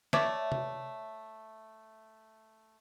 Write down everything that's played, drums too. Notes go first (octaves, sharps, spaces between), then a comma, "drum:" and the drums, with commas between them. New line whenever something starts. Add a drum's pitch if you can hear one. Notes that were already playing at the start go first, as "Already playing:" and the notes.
A3 C#5 D5 E5, drum: snare
drum: tom C3